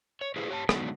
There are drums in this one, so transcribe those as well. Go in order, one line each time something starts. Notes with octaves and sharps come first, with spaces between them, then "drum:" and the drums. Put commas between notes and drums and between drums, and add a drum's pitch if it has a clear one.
C#5
E4 G4 G#4 B4 C5 F5
G4 C#5 A5
D3 F#3 G#3 B3 D4 D#4, drum: rim click